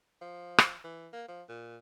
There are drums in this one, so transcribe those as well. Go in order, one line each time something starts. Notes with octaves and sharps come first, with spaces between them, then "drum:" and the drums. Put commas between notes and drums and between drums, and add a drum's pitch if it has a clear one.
F3
drum: rim click
E3
A#3
F3
A#2